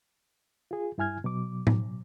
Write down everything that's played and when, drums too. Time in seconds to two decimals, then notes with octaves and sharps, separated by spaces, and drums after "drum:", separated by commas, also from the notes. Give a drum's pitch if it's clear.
0.71 F4 G#4
0.98 G2 E4 G#5 F6 G#6
1.24 B2 F#3 D6
1.67 drum: tom A2